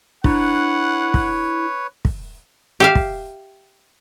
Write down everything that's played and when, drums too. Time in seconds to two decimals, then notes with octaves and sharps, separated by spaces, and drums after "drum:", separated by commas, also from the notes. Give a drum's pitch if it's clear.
0.24 D4 E4 B4 C#5 F#5, drum: kick
1.14 drum: kick
2.05 drum: kick
2.80 G4 E5 F5
2.95 drum: kick